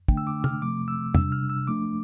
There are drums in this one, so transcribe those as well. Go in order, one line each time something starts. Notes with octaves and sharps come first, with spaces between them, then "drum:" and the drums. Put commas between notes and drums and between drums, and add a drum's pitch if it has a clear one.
D3 A3 D4 G5, drum: kick
E6
D6
F6, drum: tom
C3 F3 A3 C4 D6
E6
C3 G3 D4 E6, drum: tom
F6
E6
F3 A3 D4 D6